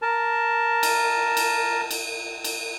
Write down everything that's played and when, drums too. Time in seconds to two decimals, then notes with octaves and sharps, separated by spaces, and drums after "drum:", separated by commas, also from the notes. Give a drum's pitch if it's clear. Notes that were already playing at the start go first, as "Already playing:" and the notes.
0.02 A#4 A5
0.83 drum: cymbal
1.37 drum: cymbal
1.91 drum: cymbal
2.44 drum: cymbal